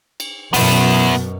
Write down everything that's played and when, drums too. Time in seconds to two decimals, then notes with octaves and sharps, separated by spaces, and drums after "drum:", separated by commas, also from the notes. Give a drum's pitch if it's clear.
0.20 drum: cymbal
0.54 F#2 B2 B3 E4, drum: open hi-hat